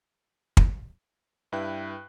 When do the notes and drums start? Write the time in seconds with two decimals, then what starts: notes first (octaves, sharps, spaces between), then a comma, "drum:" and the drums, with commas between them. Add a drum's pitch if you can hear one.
0.57 drum: kick
1.52 G2 E4 B4 E5 G5 F#6